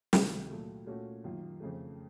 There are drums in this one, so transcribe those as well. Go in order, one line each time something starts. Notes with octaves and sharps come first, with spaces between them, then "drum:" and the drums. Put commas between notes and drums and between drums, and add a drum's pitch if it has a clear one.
C#2 C3 D#3 F#3 A3, drum: snare
A#2 F#3 A3
A#2 A3 C#4 F#4
F#2 D#3 A#3 F4
F2 C#3 A3